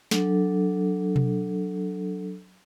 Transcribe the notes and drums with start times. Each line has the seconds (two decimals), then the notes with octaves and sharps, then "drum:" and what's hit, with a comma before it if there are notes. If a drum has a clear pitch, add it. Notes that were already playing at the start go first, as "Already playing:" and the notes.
0.11 F#3 D4 A4, drum: snare
1.16 drum: tom B2